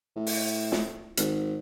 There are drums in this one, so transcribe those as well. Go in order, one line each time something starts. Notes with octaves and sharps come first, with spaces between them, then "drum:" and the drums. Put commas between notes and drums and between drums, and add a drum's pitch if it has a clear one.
A2
drum: open hi-hat
drum: snare
G#1, drum: hi-hat